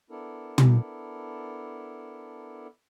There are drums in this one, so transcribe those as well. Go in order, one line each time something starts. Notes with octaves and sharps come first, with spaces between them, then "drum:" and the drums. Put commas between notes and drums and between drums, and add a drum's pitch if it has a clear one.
B3 D4 E4 A4 A#4
drum: tom